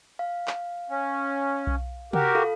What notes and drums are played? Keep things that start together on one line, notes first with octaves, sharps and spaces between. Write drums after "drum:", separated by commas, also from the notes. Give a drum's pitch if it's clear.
F5
drum: clap
C#4
drum: kick B1
F#4 G4 A#4, drum: tom C3
F4 A4 F5